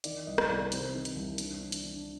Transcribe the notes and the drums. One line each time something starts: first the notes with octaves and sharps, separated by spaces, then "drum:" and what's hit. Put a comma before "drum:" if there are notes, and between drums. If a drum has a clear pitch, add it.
D#3 D5, drum: hi-hat
C2 D#5
drum: rim click
C2 D5
C3 C5, drum: hi-hat
D#3
drum: hi-hat
C2
D4, drum: hi-hat
D4
drum: hi-hat
D4